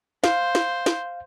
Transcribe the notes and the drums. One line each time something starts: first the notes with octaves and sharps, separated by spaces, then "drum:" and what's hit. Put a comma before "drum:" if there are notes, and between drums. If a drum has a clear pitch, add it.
C5 F5, drum: snare
drum: snare
drum: snare